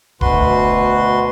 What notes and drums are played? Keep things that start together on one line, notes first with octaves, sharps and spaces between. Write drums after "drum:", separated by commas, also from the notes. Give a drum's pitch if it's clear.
D2 B2 F#4 B4 C6, drum: kick D#1